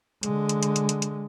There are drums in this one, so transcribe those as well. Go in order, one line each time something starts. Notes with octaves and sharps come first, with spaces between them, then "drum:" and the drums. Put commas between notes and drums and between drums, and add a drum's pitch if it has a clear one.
D3 G#3, drum: hi-hat
drum: hi-hat
drum: hi-hat
drum: hi-hat
drum: hi-hat
drum: hi-hat